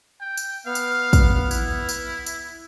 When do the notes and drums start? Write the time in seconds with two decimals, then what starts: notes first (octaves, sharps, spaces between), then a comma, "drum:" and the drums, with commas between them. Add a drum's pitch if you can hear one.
0.21 G5
0.37 drum: tambourine
0.66 B3 F5 F6
0.75 drum: tambourine
1.13 drum: kick, tambourine
1.51 E4, drum: tambourine
1.89 drum: tambourine
2.26 drum: tambourine